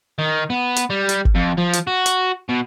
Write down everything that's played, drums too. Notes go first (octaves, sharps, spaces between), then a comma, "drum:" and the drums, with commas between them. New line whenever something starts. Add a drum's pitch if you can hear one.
D#3
B3
drum: hi-hat
G3
drum: hi-hat
drum: kick G1
F2
F3
drum: hi-hat
F#4
drum: hi-hat
B2